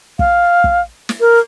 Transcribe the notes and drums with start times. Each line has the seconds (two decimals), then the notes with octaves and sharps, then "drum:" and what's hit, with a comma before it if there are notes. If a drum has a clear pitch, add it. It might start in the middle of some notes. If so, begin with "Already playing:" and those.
0.19 F5, drum: kick
0.64 drum: kick
1.09 drum: snare
1.20 A#4